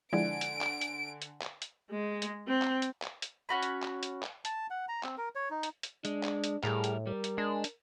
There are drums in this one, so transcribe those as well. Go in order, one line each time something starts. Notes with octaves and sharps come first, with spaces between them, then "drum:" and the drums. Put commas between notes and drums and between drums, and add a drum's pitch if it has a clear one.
D3 F3 G#3 E4 D5 F#5 G#5 D7
drum: hi-hat
drum: clap
drum: hi-hat
drum: hi-hat
drum: clap
drum: hi-hat
G#3
drum: hi-hat
C4
drum: clap
drum: hi-hat
drum: clap
drum: hi-hat
C#4 F#4 B5
drum: hi-hat
drum: clap
drum: hi-hat
drum: clap
A5, drum: hi-hat
F#5
A#5
C4, drum: clap
A#4
C#5
D#4
drum: hi-hat
drum: hi-hat
G#3 D4, drum: hi-hat
drum: clap
drum: hi-hat
A2 G3 G#4 A#4, drum: clap
drum: hi-hat
G3 A#4
drum: hi-hat
G#3 D4
drum: hi-hat